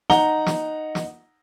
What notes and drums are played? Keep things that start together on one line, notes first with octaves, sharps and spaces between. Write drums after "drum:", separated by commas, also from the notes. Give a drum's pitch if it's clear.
D#4 F#5 A#5 G7, drum: snare
drum: snare
drum: snare